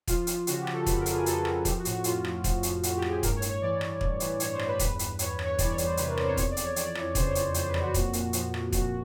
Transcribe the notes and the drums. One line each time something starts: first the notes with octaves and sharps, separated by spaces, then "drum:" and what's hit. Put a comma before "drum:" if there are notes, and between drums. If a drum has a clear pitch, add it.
F3 F4, drum: kick, hi-hat
F3, drum: hi-hat
C#3 F#4, drum: hi-hat
G4
F3, drum: rim click
A4
F2 B4, drum: kick, hi-hat
A#4
F2, drum: hi-hat
G#4
F2 A4, drum: hi-hat
F2, drum: rim click
F3 G4, drum: kick, hi-hat
F#4
A2, drum: hi-hat
F#4
A2 F4, drum: hi-hat
F3, drum: rim click
F3, drum: kick, hi-hat
F3, drum: hi-hat
A2 F#4, drum: hi-hat
G4
A2, drum: rim click
G#4
G2 A#4, drum: kick, hi-hat
C#5
G2, drum: hi-hat
C#5
E3 D5
E3, drum: rim click
G2, drum: kick
E3, drum: hi-hat
E3 C#5, drum: hi-hat
C5
G2, drum: rim click
B4
E2 B4, drum: kick, hi-hat
E2, drum: hi-hat
E2 C#5, drum: hi-hat
E2, drum: rim click
C#5
E3 D5, drum: kick, hi-hat
C#5
E2, drum: hi-hat
C5
C3 B4, drum: hi-hat
A#4
E2 D5, drum: rim click
C5
C#5
F2 C#5, drum: kick, hi-hat
D5
F2, drum: hi-hat
C#5
F2 D5, drum: hi-hat
E3 C#5, drum: rim click
C#3 C5, drum: kick, hi-hat
C#5
F2, drum: hi-hat
F2 C5, drum: hi-hat
B4
F2, drum: rim click
F#4
A#2, drum: kick, hi-hat
A#2, drum: hi-hat
F3, drum: hi-hat
F3, drum: rim click
A#2 F#4, drum: kick, hi-hat